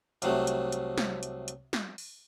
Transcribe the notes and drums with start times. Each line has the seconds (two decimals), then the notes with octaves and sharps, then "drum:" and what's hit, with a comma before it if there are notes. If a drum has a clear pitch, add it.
0.22 C2 C3 F#3 A3, drum: hi-hat
0.47 drum: hi-hat
0.72 drum: hi-hat
0.98 drum: snare
1.23 drum: hi-hat
1.48 drum: hi-hat
1.73 drum: snare
1.98 drum: open hi-hat